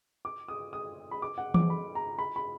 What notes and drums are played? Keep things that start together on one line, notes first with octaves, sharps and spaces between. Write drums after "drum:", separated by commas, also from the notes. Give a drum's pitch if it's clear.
D6
D#6
D#6
B5
D6
F#5
D6, drum: tom E3
B5
A#5
B5
B5